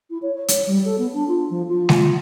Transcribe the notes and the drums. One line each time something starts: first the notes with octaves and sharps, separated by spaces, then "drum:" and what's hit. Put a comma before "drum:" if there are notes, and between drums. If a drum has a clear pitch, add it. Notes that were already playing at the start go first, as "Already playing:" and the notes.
E4
C#5
C#5
C#5, drum: hi-hat
G3
A4
B3
D4
F4
F3
F4
drum: snare G#3